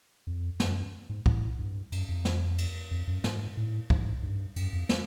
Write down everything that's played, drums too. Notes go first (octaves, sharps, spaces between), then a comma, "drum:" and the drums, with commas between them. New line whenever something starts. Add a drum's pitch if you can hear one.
F2
F#2, drum: snare
G#2
A2, drum: kick
G2
F#2, drum: cymbal
F2
drum: snare
drum: cymbal
F2
F#2
G#2, drum: snare
A2
G#2, drum: kick
G2
F#2, drum: cymbal
F2
drum: snare